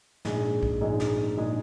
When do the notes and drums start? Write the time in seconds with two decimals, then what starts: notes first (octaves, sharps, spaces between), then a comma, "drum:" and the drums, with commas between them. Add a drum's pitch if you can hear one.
0.25 A#1 G#2 G#3 D#4 G#4, drum: snare
0.63 drum: kick
0.81 A#1 G#2 G#3 D#4 G#4
1.00 drum: snare
1.37 A#1 G#3 D#4 G#4